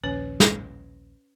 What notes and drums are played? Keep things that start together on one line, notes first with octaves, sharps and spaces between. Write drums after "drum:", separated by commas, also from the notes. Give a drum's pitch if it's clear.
A#1 D#2 C#4 B4 C#5
drum: snare